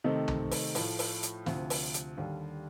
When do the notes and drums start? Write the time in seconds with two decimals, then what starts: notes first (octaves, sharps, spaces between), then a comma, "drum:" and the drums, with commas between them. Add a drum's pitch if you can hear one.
0.04 C3 D#3 A3 C4 D#4
0.28 drum: tom
0.51 drum: open hi-hat
0.75 A2 F3 A3, drum: open hi-hat
0.99 drum: open hi-hat
1.23 drum: hi-hat
1.46 D2 C3 F3, drum: snare
1.70 drum: open hi-hat
1.94 drum: hi-hat
2.17 D#2 D3 G3